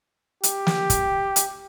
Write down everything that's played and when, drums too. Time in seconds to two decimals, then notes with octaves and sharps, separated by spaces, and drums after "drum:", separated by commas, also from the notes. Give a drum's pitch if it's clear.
0.43 G4, drum: hi-hat
0.67 drum: snare
0.90 drum: kick, hi-hat
1.36 drum: hi-hat